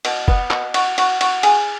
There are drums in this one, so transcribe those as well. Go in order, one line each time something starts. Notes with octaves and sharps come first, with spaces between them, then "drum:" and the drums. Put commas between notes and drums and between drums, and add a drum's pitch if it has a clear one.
B2, drum: cymbal
B3, drum: kick F#1
B2, drum: clap
F#4, drum: cymbal
F#4, drum: cymbal
F#4, drum: cymbal
G#4, drum: cymbal